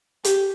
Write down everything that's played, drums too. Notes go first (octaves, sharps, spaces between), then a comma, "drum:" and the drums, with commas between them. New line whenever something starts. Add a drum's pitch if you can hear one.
G4, drum: hi-hat